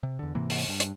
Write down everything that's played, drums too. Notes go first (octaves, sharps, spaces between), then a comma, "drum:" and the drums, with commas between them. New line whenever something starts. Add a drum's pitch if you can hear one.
C3
E2 D3
G#2 C3 E3 A#3
drum: open hi-hat
G2
drum: hi-hat